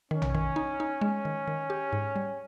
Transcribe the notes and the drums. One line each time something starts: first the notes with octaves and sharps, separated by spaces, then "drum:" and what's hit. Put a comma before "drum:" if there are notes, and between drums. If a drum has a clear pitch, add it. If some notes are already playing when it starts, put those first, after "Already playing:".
D#3 C#4
drum: tom A#1
D#3
D#4
D#4
G#3 C#4
D#3
D#3
G4
G#2
G3